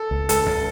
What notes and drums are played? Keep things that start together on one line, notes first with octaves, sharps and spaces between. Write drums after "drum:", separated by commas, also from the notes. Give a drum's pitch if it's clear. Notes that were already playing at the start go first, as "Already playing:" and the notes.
Already playing: A4
C#2
C#2 A4, drum: hi-hat
C#2